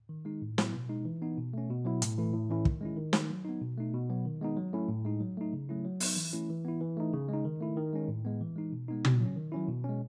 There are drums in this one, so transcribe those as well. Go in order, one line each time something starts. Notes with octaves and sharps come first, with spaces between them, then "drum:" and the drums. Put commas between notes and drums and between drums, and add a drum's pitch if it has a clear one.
D#3
G#3 D#4
A2
F#3 B3 E4, drum: snare
B2
G#3 D#4
E3
B3 D#4
B2
A3 C#4
B2
F#3 B3 E4
A2, drum: hi-hat
E3 A3 E4
A2
E3 A3 C#4 E4
D#3, drum: kick
G#3 C#4 E4
D#3
A3 D#4, drum: snare
F#3
B3 D#4
B2
A3 D#4
B2
F#3 B3
D#3
G#3 B3 D#4
F#3
A3 C#4 E4
A2
G#3 D#4
F#3
A3 D#4
C#3
F#3 A3 C#4 E4
F#3
B3 D#4, drum: open hi-hat
E3
A3 C#4 E4
E3
B3 E4
E3
A3 D#4
C#3
G#3
D#4
D#3
A3 E4
D#3
G#3 C#4
A2
G#3 B3
E3
G#3 D#4
B2
G#3 B3 D#4
C#3, drum: tom
F#3 C#4
D#3
F#3 C#4 E4
B2
C#4
G#3